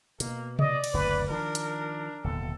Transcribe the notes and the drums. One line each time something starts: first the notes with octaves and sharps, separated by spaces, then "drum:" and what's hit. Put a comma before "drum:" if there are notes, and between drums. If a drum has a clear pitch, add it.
B2 A#3, drum: hi-hat
D5 D#5, drum: tom C3
drum: cymbal
F#1 D2 C3 B4
D#3 F3 D4 A#4
drum: hi-hat
D1 D#2 B2 A4